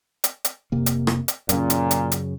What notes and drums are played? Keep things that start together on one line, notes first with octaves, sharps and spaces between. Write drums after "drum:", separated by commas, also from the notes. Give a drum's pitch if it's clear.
drum: hi-hat
drum: hi-hat
F1 C3 A#3
drum: hi-hat
drum: rim click
drum: hi-hat
F#2 A#2 C#3, drum: hi-hat
drum: hi-hat
drum: hi-hat
drum: hi-hat